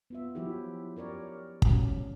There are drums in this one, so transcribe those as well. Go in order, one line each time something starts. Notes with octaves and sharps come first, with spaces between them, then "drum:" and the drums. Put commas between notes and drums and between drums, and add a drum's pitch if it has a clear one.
B3 F4 E5
F3 F#3 E4 F#4 G4
G4 A#4 C#5 D5
F#3 C#4, drum: kick